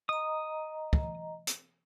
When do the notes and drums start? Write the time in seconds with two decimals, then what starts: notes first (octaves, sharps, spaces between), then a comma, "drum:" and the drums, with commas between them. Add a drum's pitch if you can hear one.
0.09 D#5 A#5 D#6
0.93 drum: kick
1.47 drum: hi-hat